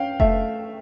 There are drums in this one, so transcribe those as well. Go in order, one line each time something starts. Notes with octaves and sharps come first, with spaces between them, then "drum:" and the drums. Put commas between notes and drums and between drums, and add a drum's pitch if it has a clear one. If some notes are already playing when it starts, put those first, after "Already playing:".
Already playing: C#4 F5 G5
A3 E5, drum: kick F1